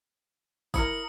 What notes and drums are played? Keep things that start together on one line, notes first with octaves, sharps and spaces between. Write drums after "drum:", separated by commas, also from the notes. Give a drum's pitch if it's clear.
E4 A#4 D#6 C#7, drum: kick, tambourine